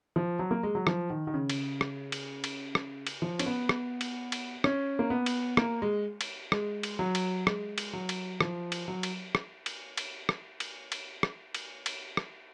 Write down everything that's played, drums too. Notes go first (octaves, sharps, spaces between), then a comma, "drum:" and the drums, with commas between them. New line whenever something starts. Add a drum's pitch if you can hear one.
F3
F#3
A#3
G#3
F#3
F3, drum: rim click
D#3
D#3
C#3
drum: cymbal
drum: rim click
drum: cymbal
drum: cymbal
drum: rim click
drum: cymbal
F3
C#4, drum: cymbal
B3
drum: rim click
drum: cymbal
drum: cymbal
C#4, drum: rim click
A#3
B3
drum: cymbal
A#3, drum: rim click
G#3
drum: cymbal
G#3, drum: rim click
drum: cymbal
F#3
drum: cymbal
G#3, drum: rim click
drum: cymbal
F#3
drum: cymbal
F3, drum: rim click
drum: cymbal
F#3
drum: cymbal
drum: rim click
drum: cymbal
drum: cymbal
drum: rim click
drum: cymbal
drum: cymbal
drum: rim click
drum: cymbal
drum: cymbal
drum: rim click